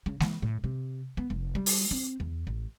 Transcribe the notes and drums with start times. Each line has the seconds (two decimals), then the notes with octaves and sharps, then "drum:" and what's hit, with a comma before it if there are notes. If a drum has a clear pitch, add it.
0.06 C#3
0.20 E3, drum: snare G#3
0.42 A2
0.64 C3
1.17 B3
1.30 F1
1.55 G3
1.66 drum: open hi-hat
1.91 C4
2.20 E2
2.47 A1